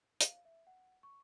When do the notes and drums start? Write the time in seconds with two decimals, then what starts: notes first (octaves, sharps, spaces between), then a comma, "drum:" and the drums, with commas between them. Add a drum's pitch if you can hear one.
0.21 F5, drum: hi-hat
0.45 E5
0.67 F#5
1.03 C#6